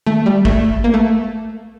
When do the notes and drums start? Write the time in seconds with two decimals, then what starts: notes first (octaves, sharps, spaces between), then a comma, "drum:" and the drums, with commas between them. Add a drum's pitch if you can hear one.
0.06 A3, drum: tom D#3
0.26 G3
0.45 A3, drum: kick
0.84 A#3
0.94 A3